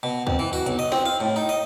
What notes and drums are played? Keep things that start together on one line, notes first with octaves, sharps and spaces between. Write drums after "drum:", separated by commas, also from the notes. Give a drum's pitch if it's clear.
B2
F2, drum: kick D2
E3
F#4
B1, drum: hi-hat
D#5
C4, drum: snare
F5
A2
D#4
D#5